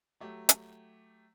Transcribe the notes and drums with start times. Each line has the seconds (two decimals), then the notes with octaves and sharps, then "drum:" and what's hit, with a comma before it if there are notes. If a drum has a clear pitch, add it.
0.20 F#3 A3 G4
0.49 drum: hi-hat